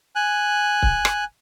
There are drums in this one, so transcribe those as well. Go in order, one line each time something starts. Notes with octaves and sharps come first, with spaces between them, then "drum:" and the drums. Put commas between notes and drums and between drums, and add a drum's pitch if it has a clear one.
G#5 F#6
drum: kick C#1
drum: rim click